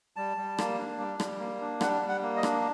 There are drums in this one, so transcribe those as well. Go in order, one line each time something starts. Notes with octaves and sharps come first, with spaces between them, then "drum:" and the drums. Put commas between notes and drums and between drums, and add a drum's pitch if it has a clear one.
G3 A5
G3
A#3, drum: rim click
D4
G3
G3, drum: rim click
A#3
D4
G3 F#5, drum: rim click
G3
F#5
A#3
D#5
D4, drum: rim click